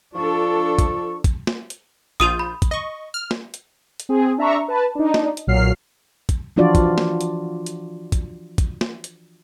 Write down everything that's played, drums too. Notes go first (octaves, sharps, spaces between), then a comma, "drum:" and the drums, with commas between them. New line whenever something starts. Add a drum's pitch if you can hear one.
F3 D4 F4 A4 C#6
drum: kick, hi-hat
drum: kick, hi-hat
drum: snare
drum: hi-hat
A#1 F4 D#6 G6 D#7 F7
B5
drum: kick, hi-hat
D#5 C#6
F6
drum: snare
drum: hi-hat
drum: hi-hat
C4 G#4
D4 E5 A#5 C#6
B4 A5
D4 D#4
drum: snare
drum: hi-hat
B1 A#2 F#3 F6 C7
drum: kick, hi-hat
E3 F3 D4 F4 F#4 D5
drum: kick, hi-hat
drum: snare
drum: hi-hat
drum: hi-hat
drum: kick, hi-hat
drum: kick, hi-hat
drum: snare
drum: hi-hat